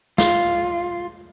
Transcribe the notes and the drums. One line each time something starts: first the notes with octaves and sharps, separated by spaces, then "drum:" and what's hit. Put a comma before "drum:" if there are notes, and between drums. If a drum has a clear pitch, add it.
F4, drum: snare